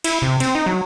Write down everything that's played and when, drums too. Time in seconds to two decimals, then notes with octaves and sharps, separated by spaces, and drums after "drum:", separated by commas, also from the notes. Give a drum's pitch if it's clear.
0.04 E4, drum: cymbal
0.22 C3
0.40 C4, drum: cymbal
0.55 D#4
0.66 F#3